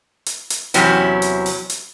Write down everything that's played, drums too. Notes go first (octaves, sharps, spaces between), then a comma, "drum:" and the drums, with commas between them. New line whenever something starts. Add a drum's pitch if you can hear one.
drum: hi-hat
drum: hi-hat
E2 C3 F#3 C#4 E4, drum: hi-hat
drum: hi-hat
drum: open hi-hat
drum: hi-hat